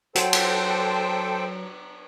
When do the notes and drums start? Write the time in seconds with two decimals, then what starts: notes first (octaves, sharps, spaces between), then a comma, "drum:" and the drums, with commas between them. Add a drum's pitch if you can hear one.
0.15 F#3 A4 C5 G5, drum: hi-hat
0.33 drum: cymbal